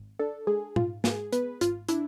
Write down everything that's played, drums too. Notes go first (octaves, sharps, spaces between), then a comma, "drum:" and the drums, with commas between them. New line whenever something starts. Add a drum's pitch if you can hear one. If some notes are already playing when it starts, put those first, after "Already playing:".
Already playing: G#1
D4 A4
G#3 G#4
G#2 F4, drum: tom
G#2 G#4, drum: snare
B3 B4, drum: hi-hat
G#1 F4, drum: hi-hat
D4 E4, drum: hi-hat